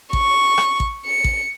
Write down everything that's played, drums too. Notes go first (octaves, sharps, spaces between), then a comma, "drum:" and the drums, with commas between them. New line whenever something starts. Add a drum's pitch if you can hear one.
C#6, drum: kick A1
drum: rim click
drum: kick A1
C#7
drum: kick A1